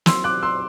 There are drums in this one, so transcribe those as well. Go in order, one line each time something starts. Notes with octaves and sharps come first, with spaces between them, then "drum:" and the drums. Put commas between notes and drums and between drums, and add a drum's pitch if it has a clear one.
F#3 C4 E4 C6 E6, drum: snare
D6 F#6
C6 E6